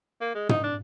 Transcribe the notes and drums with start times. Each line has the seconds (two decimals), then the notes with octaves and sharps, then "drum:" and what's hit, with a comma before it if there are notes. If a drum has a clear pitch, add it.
0.21 A#3
0.35 G#3
0.49 D#4, drum: tom
0.64 D4